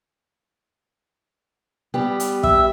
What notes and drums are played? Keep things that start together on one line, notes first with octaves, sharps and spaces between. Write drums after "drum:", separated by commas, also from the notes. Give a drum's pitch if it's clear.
G3 B3 G4
drum: hi-hat
E5, drum: kick